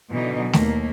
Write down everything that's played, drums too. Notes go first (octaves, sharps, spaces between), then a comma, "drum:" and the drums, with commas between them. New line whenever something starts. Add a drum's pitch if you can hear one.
B2 D3 E3 F#3 D#4
D#2 A3 A#3, drum: snare A3